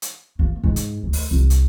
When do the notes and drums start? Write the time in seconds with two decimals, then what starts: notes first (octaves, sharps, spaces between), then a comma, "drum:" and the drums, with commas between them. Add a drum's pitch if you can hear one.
0.02 drum: hi-hat
0.39 A#3
0.63 G#2
0.76 drum: hi-hat
1.03 D2
1.13 drum: open hi-hat
1.31 C2
1.50 drum: hi-hat